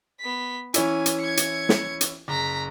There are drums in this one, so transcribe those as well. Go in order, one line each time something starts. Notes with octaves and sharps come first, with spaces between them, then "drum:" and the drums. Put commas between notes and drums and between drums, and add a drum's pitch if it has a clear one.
B3 B6
E3 C#4 E4 G#5, drum: hi-hat
drum: hi-hat
G#6 C#7
drum: hi-hat
drum: snare
drum: hi-hat
F#1 A#5 B6